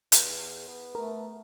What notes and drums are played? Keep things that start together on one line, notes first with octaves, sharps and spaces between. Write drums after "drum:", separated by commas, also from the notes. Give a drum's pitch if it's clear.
E2, drum: hi-hat
B3
A3 A#4